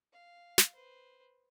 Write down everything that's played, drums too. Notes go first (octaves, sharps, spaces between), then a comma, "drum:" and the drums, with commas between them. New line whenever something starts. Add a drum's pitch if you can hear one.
F5
drum: snare
B4 C5